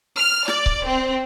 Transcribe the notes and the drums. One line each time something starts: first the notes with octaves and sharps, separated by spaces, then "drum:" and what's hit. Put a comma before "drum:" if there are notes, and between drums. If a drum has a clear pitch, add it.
F6
D5, drum: snare
drum: kick C#1
C4